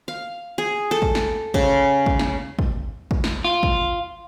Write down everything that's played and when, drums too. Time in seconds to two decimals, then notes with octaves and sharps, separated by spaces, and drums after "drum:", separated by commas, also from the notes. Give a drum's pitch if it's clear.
0.08 F5
0.58 G#4
0.91 A4
1.02 drum: kick
1.15 drum: snare
1.54 C#3, drum: kick
2.06 drum: kick
2.19 drum: snare
2.59 drum: kick
3.11 drum: kick
3.24 drum: snare
3.44 F4
3.63 drum: kick